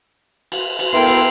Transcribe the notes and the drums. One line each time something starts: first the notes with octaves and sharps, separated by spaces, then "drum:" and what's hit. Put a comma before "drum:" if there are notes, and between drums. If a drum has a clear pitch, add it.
drum: cymbal
drum: cymbal
B3 E4 A4 A#4 G5 C6
drum: cymbal